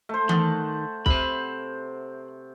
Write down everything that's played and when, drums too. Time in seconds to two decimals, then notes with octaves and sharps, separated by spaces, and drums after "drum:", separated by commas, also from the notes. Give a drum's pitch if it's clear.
0.09 A3 C5
0.29 D#3 F#5 A5, drum: tom E3
1.06 C3 C5 B5, drum: kick